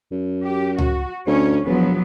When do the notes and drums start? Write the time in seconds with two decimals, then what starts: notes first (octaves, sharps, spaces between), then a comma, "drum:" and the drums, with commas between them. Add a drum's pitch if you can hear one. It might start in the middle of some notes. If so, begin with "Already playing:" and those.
0.12 F#2
0.44 G4
0.78 F#4, drum: tom C#2
1.27 D2 C#4 C#5
1.66 E1 F3 F#3 B3